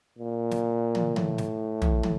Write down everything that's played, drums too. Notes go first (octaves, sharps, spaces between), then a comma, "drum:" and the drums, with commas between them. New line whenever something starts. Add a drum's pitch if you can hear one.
A#2
drum: snare
drum: tom
A2, drum: tom
drum: snare
drum: tom
drum: tom